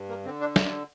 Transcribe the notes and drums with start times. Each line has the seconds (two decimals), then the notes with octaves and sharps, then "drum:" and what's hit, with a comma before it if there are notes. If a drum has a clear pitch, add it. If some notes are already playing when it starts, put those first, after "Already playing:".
Already playing: G2
0.09 A#3
0.25 D3 C4
0.40 D4
0.56 drum: snare